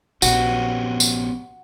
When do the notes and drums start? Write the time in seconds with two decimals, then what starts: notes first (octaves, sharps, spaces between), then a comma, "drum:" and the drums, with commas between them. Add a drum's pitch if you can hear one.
0.22 A#1 B3 C#4 F#4 G4, drum: tambourine
1.00 drum: tambourine